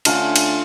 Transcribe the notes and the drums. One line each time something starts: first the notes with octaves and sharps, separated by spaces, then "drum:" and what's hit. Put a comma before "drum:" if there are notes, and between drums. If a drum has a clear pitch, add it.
D3 A3 C#4 F4 A4, drum: cymbal
drum: cymbal